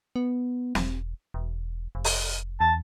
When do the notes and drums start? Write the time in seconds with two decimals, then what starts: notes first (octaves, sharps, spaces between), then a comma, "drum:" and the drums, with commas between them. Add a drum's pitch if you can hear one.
0.16 B3
0.75 E1, drum: snare
1.34 E1
1.95 F1
2.04 drum: open hi-hat
2.61 E2 A5